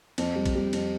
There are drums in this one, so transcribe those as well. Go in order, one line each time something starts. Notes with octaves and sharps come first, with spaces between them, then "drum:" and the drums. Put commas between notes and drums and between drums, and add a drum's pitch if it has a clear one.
F2, drum: cymbal
G3
drum: kick, cymbal
G3
F2, drum: cymbal